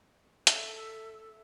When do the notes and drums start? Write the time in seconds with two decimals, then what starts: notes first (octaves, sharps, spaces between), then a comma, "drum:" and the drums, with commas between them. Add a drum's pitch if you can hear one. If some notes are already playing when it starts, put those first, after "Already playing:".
0.47 A4 E5, drum: hi-hat